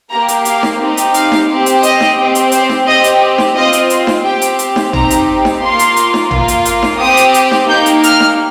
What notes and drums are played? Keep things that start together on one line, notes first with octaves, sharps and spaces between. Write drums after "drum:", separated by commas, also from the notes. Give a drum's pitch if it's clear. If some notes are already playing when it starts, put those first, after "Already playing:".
A#3 G4 A#5
drum: hi-hat
F5, drum: hi-hat
drum: snare D#4
C4 D#4 G4
drum: hi-hat
F5, drum: hi-hat
drum: snare D#4
C4 G4
drum: hi-hat
D#5, drum: hi-hat
drum: snare D#4
C4 G4
drum: hi-hat
C5, drum: hi-hat
drum: snare D#4
C4 G4 D#5
drum: hi-hat
drum: snare D#4
C4 F4 D#5
drum: hi-hat
drum: hi-hat
drum: snare D#4
C4 G4 G5
drum: hi-hat
drum: hi-hat
drum: snare D#4
C4 D#4 G4 A#5, drum: tom
drum: hi-hat
drum: snare D#4
A#3 F4 C6
drum: hi-hat
drum: hi-hat
drum: snare D#4
A#3 F4, drum: tom
drum: hi-hat
drum: hi-hat
drum: snare D#4
C4 G4 D#6
drum: hi-hat
drum: hi-hat
drum: snare D#4
A#3 D#4 G4 G6
drum: hi-hat
F6, drum: hi-hat
drum: snare D#4